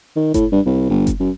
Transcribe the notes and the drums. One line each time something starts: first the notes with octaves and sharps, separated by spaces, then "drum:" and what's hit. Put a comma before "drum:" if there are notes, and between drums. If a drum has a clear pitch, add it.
D#3
A2, drum: kick F#1, hi-hat
G2
C2
G1
drum: kick F#1, hi-hat
F#2